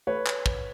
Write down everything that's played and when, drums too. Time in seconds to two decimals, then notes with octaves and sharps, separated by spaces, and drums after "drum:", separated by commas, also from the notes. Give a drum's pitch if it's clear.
0.07 A3 B4 C#5
0.27 drum: clap
0.46 drum: kick